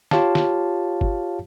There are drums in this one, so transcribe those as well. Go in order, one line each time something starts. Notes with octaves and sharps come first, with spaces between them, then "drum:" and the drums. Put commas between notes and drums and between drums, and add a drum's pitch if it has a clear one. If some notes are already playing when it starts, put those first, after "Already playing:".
F4 G4 C#5 F5 A5, drum: snare
drum: snare
drum: kick